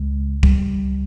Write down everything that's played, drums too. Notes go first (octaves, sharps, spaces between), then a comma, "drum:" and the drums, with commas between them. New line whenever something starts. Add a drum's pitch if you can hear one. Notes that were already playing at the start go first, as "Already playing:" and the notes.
Already playing: C#2 C#3 G#3
G3, drum: kick C2